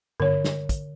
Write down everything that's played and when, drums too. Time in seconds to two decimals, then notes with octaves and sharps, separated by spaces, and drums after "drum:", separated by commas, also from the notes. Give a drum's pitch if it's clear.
0.20 D3 C#5, drum: tom G2
0.44 drum: snare
0.69 drum: kick, hi-hat